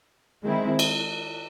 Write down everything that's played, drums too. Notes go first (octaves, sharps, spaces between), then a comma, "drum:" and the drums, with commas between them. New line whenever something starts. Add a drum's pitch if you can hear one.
D#3 G#3 C4 E4
drum: cymbal